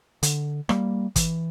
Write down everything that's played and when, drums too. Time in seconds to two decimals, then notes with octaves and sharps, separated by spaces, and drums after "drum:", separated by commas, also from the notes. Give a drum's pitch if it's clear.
0.23 D3, drum: hi-hat
0.69 G3 A#3, drum: rim click
1.16 E3, drum: kick, hi-hat